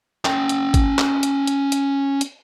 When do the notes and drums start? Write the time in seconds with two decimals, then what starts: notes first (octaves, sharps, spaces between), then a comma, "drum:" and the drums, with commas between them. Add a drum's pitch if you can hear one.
0.25 C#4 G5, drum: clap
0.49 drum: hi-hat
0.74 drum: kick G#1, hi-hat
0.98 drum: clap
1.23 drum: hi-hat
1.47 drum: hi-hat
1.72 drum: hi-hat
2.21 drum: hi-hat